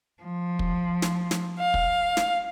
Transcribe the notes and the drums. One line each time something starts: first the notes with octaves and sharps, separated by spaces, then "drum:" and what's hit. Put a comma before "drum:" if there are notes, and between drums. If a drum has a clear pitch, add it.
F3
drum: kick
drum: snare
drum: snare
F5
drum: kick
drum: snare